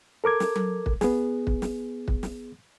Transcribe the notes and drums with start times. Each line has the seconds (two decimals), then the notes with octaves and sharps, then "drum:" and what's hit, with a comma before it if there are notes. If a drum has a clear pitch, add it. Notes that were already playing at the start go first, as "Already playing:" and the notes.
0.24 A4 A#4 D6 G#6
0.40 drum: snare
0.55 drum: tom F#3
0.86 drum: kick
1.01 B3 G#4, drum: snare
1.47 drum: kick
1.62 drum: snare
2.08 drum: kick
2.23 drum: snare